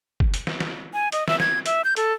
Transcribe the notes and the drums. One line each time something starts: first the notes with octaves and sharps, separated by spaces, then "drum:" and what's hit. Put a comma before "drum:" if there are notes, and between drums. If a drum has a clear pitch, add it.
drum: kick F#1
drum: hi-hat
drum: snare
drum: snare
G#5
D#5, drum: hi-hat
E5, drum: snare
G#6, drum: snare
E5, drum: hi-hat
G6
A4, drum: hi-hat